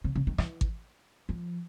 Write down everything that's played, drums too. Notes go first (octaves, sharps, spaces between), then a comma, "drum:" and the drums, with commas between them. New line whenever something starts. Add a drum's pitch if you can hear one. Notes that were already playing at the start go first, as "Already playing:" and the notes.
C#3
C#3
D#3
E3, drum: rim click
drum: kick G#1
F3